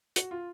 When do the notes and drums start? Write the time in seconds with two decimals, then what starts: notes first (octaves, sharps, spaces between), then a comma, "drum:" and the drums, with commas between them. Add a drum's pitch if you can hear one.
0.16 F#4, drum: hi-hat
0.31 F4